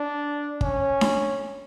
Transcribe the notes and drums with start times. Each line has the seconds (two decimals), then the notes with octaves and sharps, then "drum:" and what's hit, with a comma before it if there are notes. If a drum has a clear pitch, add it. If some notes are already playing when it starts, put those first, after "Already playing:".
Already playing: D4
0.61 C#4, drum: kick
1.01 drum: snare D4